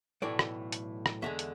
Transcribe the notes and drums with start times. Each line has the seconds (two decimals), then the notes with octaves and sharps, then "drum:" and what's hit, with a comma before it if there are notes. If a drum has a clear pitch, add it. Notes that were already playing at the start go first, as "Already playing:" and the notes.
0.22 B1 A2 E3 A3 D5
0.39 drum: rim click
0.72 drum: hi-hat
1.06 drum: rim click
1.22 E2 D3 G#3 E5
1.39 drum: hi-hat